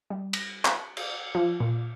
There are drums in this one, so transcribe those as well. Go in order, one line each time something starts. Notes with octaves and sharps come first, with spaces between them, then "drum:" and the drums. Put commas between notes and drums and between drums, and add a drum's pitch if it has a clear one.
G3
A#6, drum: cymbal
drum: clap
drum: cymbal
F3
A#2